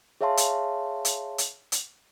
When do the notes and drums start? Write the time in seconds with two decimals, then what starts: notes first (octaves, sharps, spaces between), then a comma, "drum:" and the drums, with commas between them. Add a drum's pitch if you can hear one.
0.21 G#4 C#5 E5 F5 A5 C6
0.37 drum: hi-hat
1.05 drum: hi-hat
1.38 drum: hi-hat
1.72 drum: hi-hat